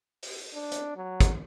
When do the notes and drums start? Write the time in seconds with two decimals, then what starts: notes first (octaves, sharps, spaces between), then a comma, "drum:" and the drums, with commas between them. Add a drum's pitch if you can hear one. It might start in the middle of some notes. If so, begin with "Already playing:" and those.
0.23 drum: open hi-hat
0.54 D4
0.72 drum: hi-hat
0.96 F#3
1.20 drum: kick, hi-hat